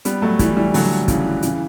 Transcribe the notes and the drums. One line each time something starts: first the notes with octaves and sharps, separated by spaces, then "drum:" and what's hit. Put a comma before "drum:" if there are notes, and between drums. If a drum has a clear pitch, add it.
G3 B3, drum: hi-hat
F#3 A3
E3 G3, drum: kick, hi-hat
E3 G3
D3 F#3, drum: open hi-hat
C#3 E3, drum: kick, hi-hat
C#3 E3, drum: hi-hat